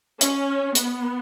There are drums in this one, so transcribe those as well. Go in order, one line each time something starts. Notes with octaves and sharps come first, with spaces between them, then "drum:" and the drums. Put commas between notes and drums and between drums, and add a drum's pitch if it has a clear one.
C#4, drum: hi-hat
B3, drum: hi-hat